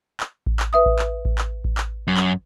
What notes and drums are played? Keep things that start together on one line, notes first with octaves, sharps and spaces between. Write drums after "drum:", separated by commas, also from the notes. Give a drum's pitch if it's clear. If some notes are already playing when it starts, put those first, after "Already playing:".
drum: clap
drum: kick A1
drum: clap
B4 E5 D#6
drum: kick A1
drum: clap
drum: kick A1
drum: clap
drum: kick A1
drum: clap
F#2
drum: clap